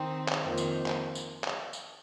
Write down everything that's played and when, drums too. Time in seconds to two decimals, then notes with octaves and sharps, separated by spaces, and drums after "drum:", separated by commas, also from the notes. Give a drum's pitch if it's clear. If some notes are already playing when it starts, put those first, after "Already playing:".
Already playing: D#3 C4 D#4
0.29 drum: clap
0.43 F2 D#3 A#3 F4 C5
0.58 drum: tambourine
0.86 drum: clap
1.15 drum: tambourine
1.44 drum: clap
1.73 drum: tambourine